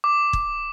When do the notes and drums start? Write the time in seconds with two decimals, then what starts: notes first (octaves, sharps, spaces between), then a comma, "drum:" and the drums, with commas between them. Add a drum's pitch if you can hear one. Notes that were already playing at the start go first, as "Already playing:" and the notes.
0.04 D6
0.33 drum: kick